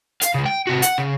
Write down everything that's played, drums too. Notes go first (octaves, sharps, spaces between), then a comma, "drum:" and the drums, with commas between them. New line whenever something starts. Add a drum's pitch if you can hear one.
F5, drum: hi-hat
C#3 G#3
G5
C3 F#4
F#5, drum: hi-hat
C#3